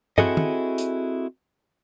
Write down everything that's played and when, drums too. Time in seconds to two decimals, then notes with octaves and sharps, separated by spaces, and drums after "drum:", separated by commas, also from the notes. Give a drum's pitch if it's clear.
0.18 C4 E4 F#4 G#4 A4 D#5, drum: tom
0.37 drum: tom
0.78 drum: hi-hat